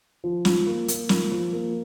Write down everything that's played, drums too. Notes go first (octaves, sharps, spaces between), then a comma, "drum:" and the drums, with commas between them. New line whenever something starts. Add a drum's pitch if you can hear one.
F3
F4, drum: snare
A#3
A#3, drum: hi-hat
F4, drum: snare
F3
A#3